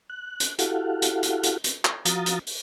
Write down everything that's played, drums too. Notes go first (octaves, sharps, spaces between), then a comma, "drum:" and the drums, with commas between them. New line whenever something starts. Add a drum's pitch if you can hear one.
F#6
drum: hi-hat
E4 F#4 G4 A4 F5 F#5, drum: hi-hat
drum: hi-hat
drum: hi-hat
drum: hi-hat
drum: hi-hat
drum: clap
F3 F#4 F5 A#5 D#6 A6, drum: hi-hat
drum: hi-hat
drum: open hi-hat